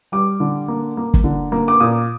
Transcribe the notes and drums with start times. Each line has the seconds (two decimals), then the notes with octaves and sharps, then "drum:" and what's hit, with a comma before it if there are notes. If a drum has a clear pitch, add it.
0.12 G3 D6
0.40 D3
0.68 A#3
0.97 A#3
1.14 drum: kick
1.24 D3
1.52 A#3
1.68 D6
1.80 A#2 D#6